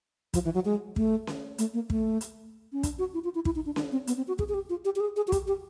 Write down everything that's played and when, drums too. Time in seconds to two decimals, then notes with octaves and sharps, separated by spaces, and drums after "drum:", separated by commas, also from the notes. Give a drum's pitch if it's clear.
0.34 F3, drum: kick, hi-hat
0.45 E3
0.54 F#3
0.65 G#3
0.96 A3, drum: kick
1.27 drum: snare C#4
1.58 A3, drum: hi-hat
1.74 A#3
1.90 A3, drum: kick
2.21 drum: hi-hat
2.72 C#4
2.83 D4, drum: kick, hi-hat
2.99 F#4
3.14 E4
3.24 F4
3.35 E4
3.45 E4, drum: kick
3.56 D#4
3.66 D4
3.76 D4, drum: snare C#4
3.92 C4
4.07 B3, drum: hi-hat
4.17 C4
4.28 F#4
4.39 G#4, drum: kick
4.49 G#4
4.54 G4
4.70 F4
4.85 G4
4.96 G4
5.00 G#4
5.16 G#4
5.28 F#4
5.32 G4, drum: kick, hi-hat
5.47 G4